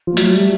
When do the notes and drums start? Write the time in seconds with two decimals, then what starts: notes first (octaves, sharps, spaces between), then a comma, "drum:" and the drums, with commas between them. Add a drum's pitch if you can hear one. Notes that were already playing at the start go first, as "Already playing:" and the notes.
0.07 F3
0.13 A#3
0.17 F#3 A3, drum: hi-hat
0.35 G3